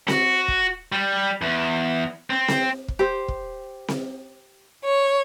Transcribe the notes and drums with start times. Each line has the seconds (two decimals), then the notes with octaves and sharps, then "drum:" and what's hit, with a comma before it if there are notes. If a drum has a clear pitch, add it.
0.08 F#4, drum: snare C4
0.48 drum: kick
0.92 G3
1.42 E2
2.30 C4
2.48 drum: snare C4
2.88 drum: kick
2.99 G4 C5
3.28 drum: kick
3.88 drum: snare C4
4.85 C#5